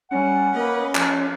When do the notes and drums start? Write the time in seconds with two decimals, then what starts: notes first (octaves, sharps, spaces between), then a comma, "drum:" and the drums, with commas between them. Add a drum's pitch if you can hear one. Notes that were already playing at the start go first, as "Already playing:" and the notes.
0.11 G3 C#4 F#5 G#5
0.53 A#3 B4 D#5
0.95 F3 A5, drum: clap